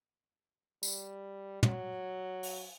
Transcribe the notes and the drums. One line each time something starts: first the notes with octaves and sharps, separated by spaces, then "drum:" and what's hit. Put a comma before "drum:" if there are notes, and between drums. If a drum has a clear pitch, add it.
G3, drum: tambourine
F#3, drum: tom
drum: open hi-hat